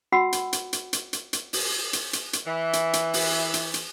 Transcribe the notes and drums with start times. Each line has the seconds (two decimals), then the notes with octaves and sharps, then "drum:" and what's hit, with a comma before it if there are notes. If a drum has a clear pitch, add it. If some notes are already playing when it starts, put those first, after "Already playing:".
0.12 F#4 F#5 B5 E6
0.33 drum: hi-hat
0.53 drum: hi-hat
0.73 drum: hi-hat
0.93 drum: hi-hat
1.13 drum: hi-hat
1.33 drum: hi-hat
1.53 drum: open hi-hat
1.93 drum: hi-hat
2.13 drum: hi-hat
2.33 drum: hi-hat
2.46 E3
2.73 drum: hi-hat
2.93 drum: hi-hat
3.13 drum: open hi-hat
3.54 drum: hi-hat
3.74 drum: hi-hat